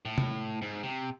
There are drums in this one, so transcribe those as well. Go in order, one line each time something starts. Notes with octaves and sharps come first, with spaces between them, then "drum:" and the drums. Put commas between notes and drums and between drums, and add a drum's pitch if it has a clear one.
A2
drum: tom C3
G#2
C3